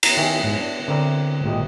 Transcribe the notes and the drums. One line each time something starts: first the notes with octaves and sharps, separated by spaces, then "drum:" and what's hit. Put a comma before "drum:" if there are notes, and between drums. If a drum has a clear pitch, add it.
A#5, drum: cymbal
D#3 G4 E5 G#5
G#2
D4
D3 C4 A#4 D5
G#1 A#2 G4 D#5